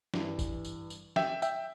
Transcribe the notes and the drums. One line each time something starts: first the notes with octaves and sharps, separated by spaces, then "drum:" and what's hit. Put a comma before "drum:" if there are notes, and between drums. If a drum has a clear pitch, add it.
G2 E3, drum: snare
drum: kick, tambourine
drum: tambourine
drum: tambourine
E5 G5, drum: snare
E5 G5, drum: tambourine